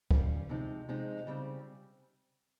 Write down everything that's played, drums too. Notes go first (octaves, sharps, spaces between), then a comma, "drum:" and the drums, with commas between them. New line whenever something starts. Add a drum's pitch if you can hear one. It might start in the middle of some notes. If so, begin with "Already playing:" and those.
G3 C#4 F4, drum: kick
C3 F3 G#3 D#4
C3 F3 G#3 D#4
C#3 G3 C4